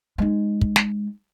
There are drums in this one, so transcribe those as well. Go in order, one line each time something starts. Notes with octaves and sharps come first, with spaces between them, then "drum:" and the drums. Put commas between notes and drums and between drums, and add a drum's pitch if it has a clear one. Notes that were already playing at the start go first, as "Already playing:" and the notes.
G#3 D#4
drum: kick
drum: snare